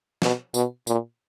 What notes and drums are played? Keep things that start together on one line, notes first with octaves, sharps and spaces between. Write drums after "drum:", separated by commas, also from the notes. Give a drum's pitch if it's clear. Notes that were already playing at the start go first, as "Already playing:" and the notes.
B2, drum: snare
B2, drum: tambourine
A#2, drum: tambourine